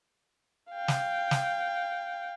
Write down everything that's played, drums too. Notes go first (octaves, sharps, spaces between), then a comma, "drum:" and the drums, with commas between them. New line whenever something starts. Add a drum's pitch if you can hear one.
F5 G5
drum: snare
drum: snare